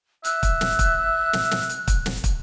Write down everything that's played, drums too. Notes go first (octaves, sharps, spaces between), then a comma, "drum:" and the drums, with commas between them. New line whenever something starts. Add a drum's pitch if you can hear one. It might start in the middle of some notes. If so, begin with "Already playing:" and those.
E5 F#6, drum: hi-hat
drum: kick, hi-hat
drum: snare
drum: kick, hi-hat
drum: snare
drum: snare
drum: hi-hat
drum: kick, hi-hat
drum: snare
drum: kick, hi-hat